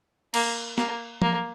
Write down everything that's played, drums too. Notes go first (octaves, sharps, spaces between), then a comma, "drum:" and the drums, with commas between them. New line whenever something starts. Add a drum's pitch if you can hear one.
A#3, drum: cymbal
A#3, drum: snare
A#3, drum: tom F3